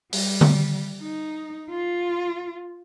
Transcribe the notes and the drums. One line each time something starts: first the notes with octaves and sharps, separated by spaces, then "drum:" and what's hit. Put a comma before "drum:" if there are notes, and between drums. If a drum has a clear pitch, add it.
G3, drum: open hi-hat
drum: tom D3
D#4
F4